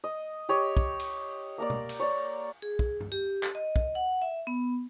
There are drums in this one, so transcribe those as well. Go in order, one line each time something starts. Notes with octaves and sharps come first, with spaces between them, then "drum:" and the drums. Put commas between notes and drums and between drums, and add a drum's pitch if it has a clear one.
D#5
G4 C#5 D#5
drum: kick
drum: cymbal
A#3 A#4 D5
drum: tom B2
drum: cymbal
C#5 D5
G#4
drum: kick
drum: tom G2
G4
drum: clap
D#5
drum: kick
F#5
E5
B3